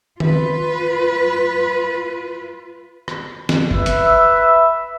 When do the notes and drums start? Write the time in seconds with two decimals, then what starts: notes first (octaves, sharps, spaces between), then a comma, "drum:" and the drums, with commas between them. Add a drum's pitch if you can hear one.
0.20 F4 B4, drum: tom D#3
3.08 drum: rim click
3.49 drum: snare
3.71 B4 E5, drum: kick
3.86 drum: hi-hat